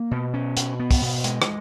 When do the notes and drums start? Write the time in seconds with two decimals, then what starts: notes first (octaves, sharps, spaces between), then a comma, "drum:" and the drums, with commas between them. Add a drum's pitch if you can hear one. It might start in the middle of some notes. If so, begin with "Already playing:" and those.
Already playing: A#3
0.11 B2
0.34 C#4
0.57 B2, drum: hi-hat
0.79 B3
0.91 drum: kick, open hi-hat
1.02 B2
1.24 G#3, drum: hi-hat
1.42 drum: rim click